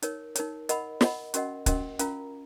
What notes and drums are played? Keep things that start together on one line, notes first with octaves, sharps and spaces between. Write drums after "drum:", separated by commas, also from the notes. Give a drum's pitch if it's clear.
D#4 A#4 C#5, drum: hi-hat
D#4 A#4 C#5, drum: hi-hat
A#4 D#5 F#5 B5, drum: hi-hat
A#4 D#5 F#5 B5, drum: snare
C#4 F#4 A#4 D#5 F#5, drum: hi-hat
C#4 F#4 A#4 D#5 F#5, drum: kick, hi-hat
C#4 F4 A#4 F5 A#5, drum: hi-hat